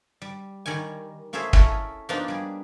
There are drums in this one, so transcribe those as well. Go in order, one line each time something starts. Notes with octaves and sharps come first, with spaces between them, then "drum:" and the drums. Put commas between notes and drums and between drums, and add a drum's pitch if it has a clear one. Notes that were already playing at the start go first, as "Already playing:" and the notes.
G3
D#3 G3 C#5 G#5
A#3 C#4 G#4 A4 C5 E5
C#4 E4 A4 A#4 D#5, drum: kick
F3 A#3 B3 D4 D#4
G3 G#4